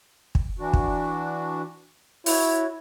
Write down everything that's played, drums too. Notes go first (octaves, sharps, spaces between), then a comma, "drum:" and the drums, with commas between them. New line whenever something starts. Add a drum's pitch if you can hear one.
drum: kick
E3 D4 F#4
drum: kick
E4 F#4 C#5, drum: open hi-hat